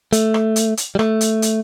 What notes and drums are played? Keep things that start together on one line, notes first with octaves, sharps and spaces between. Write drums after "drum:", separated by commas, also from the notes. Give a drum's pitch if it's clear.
A3, drum: hi-hat
drum: rim click
drum: hi-hat
drum: hi-hat
G3
A3, drum: rim click
drum: hi-hat
drum: hi-hat